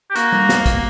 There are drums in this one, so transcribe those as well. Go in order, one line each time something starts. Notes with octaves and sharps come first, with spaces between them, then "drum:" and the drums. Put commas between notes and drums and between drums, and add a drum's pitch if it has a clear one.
G4
A#3 F#4, drum: hi-hat
drum: tom G3
drum: snare
drum: kick, hi-hat